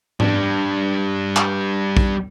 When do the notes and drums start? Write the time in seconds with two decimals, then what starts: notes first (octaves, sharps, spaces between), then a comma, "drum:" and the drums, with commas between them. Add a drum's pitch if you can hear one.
0.20 G3 D4, drum: tom G#2
1.36 drum: clap
1.97 drum: kick A#1